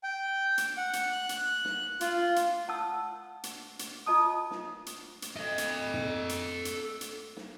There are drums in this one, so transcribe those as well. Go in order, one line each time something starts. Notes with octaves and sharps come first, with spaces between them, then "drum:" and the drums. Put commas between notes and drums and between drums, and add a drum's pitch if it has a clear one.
G5
drum: hi-hat
F#5
drum: hi-hat
F#6
drum: hi-hat
drum: snare
F4, drum: hi-hat
drum: hi-hat
F#5 A5 E6
drum: hi-hat
drum: hi-hat
F4 D#5 A5 D#6
drum: snare
drum: hi-hat
drum: hi-hat
A4 D#5
drum: hi-hat
drum: tom
drum: hi-hat
drum: hi-hat
drum: hi-hat
drum: snare